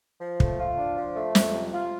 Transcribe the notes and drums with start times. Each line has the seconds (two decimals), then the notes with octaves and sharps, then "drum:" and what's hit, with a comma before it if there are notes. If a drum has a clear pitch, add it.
0.21 F3
0.40 A3, drum: kick
0.59 F4
0.78 D4
0.97 F3
1.16 A3
1.35 F2, drum: snare
1.54 C3
1.73 F4